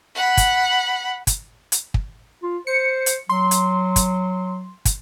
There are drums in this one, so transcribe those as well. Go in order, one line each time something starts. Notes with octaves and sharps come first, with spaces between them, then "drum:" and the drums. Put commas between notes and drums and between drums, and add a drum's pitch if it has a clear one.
F#5 B5
drum: kick, hi-hat
drum: kick, hi-hat
drum: hi-hat
drum: kick
F4
C5 C#7
drum: hi-hat
F#3 C6
drum: hi-hat
drum: kick, hi-hat
drum: kick, hi-hat